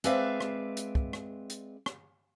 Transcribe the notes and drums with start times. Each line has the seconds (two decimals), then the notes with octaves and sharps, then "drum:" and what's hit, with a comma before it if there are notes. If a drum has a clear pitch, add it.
0.04 G#3 C4 B4 D5 E5 F5, drum: hi-hat
0.40 drum: rim click
0.77 drum: hi-hat
0.95 drum: kick
1.13 drum: rim click
1.50 drum: hi-hat
1.86 drum: rim click